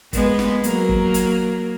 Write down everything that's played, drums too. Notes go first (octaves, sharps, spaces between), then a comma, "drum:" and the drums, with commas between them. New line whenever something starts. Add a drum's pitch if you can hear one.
G#3 B3, drum: kick, hi-hat
drum: snare
F#3 A#3, drum: hi-hat
drum: kick
drum: hi-hat